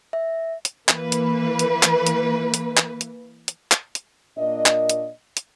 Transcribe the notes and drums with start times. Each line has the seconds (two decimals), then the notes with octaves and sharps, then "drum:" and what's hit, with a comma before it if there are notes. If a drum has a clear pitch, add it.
0.13 E5
0.65 drum: hi-hat
0.89 E3 A#3 B4, drum: clap
1.12 drum: hi-hat
1.59 drum: hi-hat
1.83 drum: clap
2.06 drum: hi-hat
2.54 drum: hi-hat
2.77 drum: clap
3.01 drum: hi-hat
3.48 drum: hi-hat
3.72 drum: clap
3.95 drum: hi-hat
4.38 A#2 A#3 D4 D#5
4.66 drum: clap
4.89 drum: hi-hat
5.37 drum: hi-hat